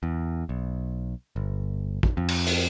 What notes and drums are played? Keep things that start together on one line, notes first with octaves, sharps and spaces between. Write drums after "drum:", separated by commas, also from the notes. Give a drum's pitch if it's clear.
E2
B1
G1
drum: kick
F2
drum: cymbal
drum: open hi-hat